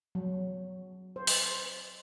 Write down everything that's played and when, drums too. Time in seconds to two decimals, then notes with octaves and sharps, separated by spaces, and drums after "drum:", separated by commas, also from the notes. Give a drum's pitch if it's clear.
0.15 F#3
1.16 C5
1.27 drum: open hi-hat